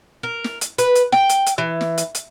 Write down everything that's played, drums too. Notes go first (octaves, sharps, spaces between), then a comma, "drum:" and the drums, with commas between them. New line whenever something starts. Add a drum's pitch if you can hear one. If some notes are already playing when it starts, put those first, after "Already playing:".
A#4
drum: snare
drum: hi-hat
B4, drum: hi-hat
drum: hi-hat
G5, drum: snare
drum: hi-hat
drum: hi-hat
E3
drum: snare
drum: hi-hat
drum: hi-hat